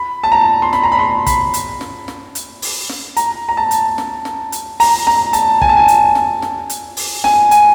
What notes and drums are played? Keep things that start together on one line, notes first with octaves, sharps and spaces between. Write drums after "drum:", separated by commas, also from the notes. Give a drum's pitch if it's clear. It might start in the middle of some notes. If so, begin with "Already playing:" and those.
Already playing: B5
A5
A#5
C6
B5, drum: snare
A#5
B5
C6
B5, drum: kick, hi-hat
drum: hi-hat
drum: snare
drum: snare
drum: hi-hat
drum: open hi-hat
drum: snare
A#5, drum: hi-hat
A#5
A5
drum: hi-hat
drum: snare
drum: snare
drum: hi-hat
A#5, drum: open hi-hat
A#5, drum: snare
A5, drum: hi-hat
G#5, drum: kick
A5
G#5
drum: hi-hat
drum: snare
drum: snare
drum: hi-hat
drum: open hi-hat
G#5, drum: snare
G#5, drum: hi-hat